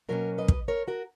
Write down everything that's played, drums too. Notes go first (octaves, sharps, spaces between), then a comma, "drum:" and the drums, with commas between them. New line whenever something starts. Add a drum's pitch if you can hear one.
B2 F#3 A#3 C#4 A#4 C#5
B4 D#5
drum: kick
A#4 C#5
F#4 A#4